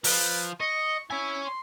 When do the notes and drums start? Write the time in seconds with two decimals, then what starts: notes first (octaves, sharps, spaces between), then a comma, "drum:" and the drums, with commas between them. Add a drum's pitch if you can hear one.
0.04 F3 B4, drum: open hi-hat
0.60 D#5 C#6
1.10 E4 C#5 G#5
1.45 C6